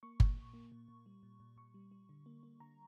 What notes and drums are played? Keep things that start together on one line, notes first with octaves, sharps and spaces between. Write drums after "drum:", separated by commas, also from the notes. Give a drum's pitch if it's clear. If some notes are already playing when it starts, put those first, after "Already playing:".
A#3 C#6
A#2, drum: kick G1
A#2
A#3
A#2
A#2
G3
A#2
A#2
A#2 C#6
G3
G3
D3
A#3
A#3
D3 A#5